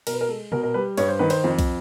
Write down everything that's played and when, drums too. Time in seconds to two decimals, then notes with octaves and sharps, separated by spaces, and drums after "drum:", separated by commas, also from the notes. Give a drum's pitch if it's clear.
0.07 B2 A#4, drum: cymbal
0.13 B4
0.21 A#4
0.28 G#3 A4
0.52 B2 A#4, drum: tom A#2
0.63 A#4
0.74 G3 B4
0.97 G2 C#5, drum: cymbal
1.08 C5
1.19 D#3 B4
1.30 C5, drum: cymbal
1.44 F2
1.59 drum: kick, cymbal